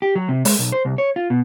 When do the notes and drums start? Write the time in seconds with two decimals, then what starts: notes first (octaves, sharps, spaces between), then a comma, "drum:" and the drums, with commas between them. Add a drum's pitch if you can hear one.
0.02 G4
0.15 F#3
0.29 C3
0.45 G#3, drum: open hi-hat
0.59 B1
0.72 C5
0.85 C2
0.98 C#5
1.16 F4
1.30 B2